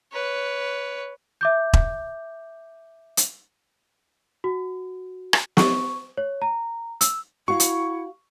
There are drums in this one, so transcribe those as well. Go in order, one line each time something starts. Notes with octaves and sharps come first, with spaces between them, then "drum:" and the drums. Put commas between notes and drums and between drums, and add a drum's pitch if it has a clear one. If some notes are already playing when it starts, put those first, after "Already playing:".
B4 C#5
E5 D6 G6
drum: kick E1
drum: hi-hat
F#4
drum: rim click
C#6, drum: snare
C#5
A#5
E6, drum: hi-hat
E4 F#4 F5 C#6
drum: hi-hat